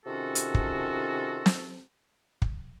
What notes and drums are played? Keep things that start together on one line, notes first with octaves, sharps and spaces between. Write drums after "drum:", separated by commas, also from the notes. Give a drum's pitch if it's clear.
C3 D#3 C#4 F4 F#4 A4
drum: hi-hat
drum: kick
drum: snare
drum: kick